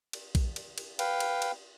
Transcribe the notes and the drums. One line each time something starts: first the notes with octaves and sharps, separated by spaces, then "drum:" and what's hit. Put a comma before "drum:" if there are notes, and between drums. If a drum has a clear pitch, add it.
drum: cymbal
drum: kick A#1, cymbal
drum: cymbal
drum: cymbal
B4 F5 G5, drum: cymbal
drum: cymbal
drum: cymbal